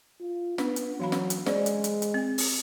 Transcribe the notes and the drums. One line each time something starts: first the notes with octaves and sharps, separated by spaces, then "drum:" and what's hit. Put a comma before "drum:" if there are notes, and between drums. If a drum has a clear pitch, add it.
F4
B3 D4, drum: snare
drum: hi-hat
E3 F#3 F5 B5
drum: snare
drum: hi-hat
G#3 C5 D5, drum: snare
drum: hi-hat
drum: hi-hat
drum: hi-hat
C4
drum: open hi-hat